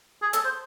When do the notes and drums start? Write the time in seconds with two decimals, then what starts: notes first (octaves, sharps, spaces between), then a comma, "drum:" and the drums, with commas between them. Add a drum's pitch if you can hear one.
0.22 G#4
0.33 A4, drum: hi-hat
0.45 C5